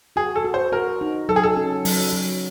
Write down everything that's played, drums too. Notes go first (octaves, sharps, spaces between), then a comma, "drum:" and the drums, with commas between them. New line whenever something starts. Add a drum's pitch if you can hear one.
F#4 G#4
A4
F#4
C5
F#4 A#4
D#4
F#3 A4
G#4
A4
C#4
F#3, drum: open hi-hat
F#3